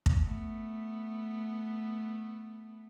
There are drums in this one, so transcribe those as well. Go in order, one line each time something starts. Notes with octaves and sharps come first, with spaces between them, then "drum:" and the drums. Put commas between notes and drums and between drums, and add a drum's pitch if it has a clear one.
drum: kick
A3 B3